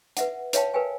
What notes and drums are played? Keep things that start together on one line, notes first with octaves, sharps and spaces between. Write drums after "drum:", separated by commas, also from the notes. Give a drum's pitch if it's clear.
B4 E5 F#5, drum: hi-hat
B4 C#5 E5 F5 G5 A5, drum: hi-hat
A#4 B4 F5 G5 G#5